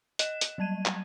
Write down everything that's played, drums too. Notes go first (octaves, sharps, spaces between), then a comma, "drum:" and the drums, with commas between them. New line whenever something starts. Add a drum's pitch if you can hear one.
D#5 F#6 E7, drum: hi-hat
drum: hi-hat
F#3 G3 A5 G#6 D#7
drum: clap